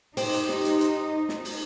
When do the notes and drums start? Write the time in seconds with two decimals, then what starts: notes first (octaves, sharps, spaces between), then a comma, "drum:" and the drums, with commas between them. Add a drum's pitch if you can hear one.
0.17 D#4 G4 C5, drum: open hi-hat
0.33 drum: hi-hat
0.49 drum: snare
0.65 drum: hi-hat
0.81 drum: hi-hat
1.29 drum: snare
1.45 drum: open hi-hat